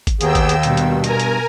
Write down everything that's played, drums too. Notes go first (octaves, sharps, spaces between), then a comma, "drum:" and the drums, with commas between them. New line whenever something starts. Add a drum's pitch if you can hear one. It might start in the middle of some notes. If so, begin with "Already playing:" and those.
drum: kick G#1, hi-hat
D#2 D#3 A#3 B3 G#4 G5 E6, drum: hi-hat
drum: kick G#1, hi-hat
drum: hi-hat
G2 B2, drum: hi-hat
drum: hi-hat
A#4 G#5 A#5, drum: hi-hat
drum: hi-hat